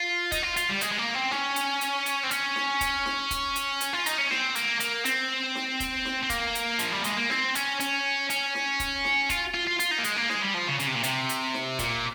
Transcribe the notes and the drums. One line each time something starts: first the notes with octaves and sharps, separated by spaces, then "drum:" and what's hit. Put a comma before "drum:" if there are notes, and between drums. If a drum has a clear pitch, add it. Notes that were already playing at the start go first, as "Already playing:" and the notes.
Already playing: F4
D#4, drum: kick, hi-hat
F4
F4, drum: hi-hat
G3
G#3, drum: hi-hat
G#3
A#3
C4
C#4, drum: snare
drum: hi-hat
drum: hi-hat
drum: hi-hat
C4
C#4, drum: hi-hat
drum: snare
drum: kick, hi-hat
drum: snare
drum: kick, hi-hat
drum: hi-hat
drum: hi-hat
F4
D#4, drum: hi-hat
C#4
C4, drum: snare
A#3, drum: hi-hat
A#3, drum: hi-hat
C4, drum: hi-hat
drum: snare
drum: kick, hi-hat
drum: snare
C4
A#3, drum: kick, hi-hat
drum: hi-hat
F3, drum: hi-hat
G3
G#3, drum: hi-hat
A#3
C4, drum: snare
C#4, drum: hi-hat
C#4, drum: hi-hat
C#4, drum: hi-hat
drum: snare
drum: kick, hi-hat
drum: snare
F4, drum: kick, hi-hat
F4
F4
F4, drum: hi-hat
D#4
A#3
G#3, drum: hi-hat
A#3
G#3, drum: snare
G3
F3
C#3
C#3, drum: hi-hat
C3
A#2
C3, drum: hi-hat
drum: hi-hat
drum: snare
A#2, drum: kick, hi-hat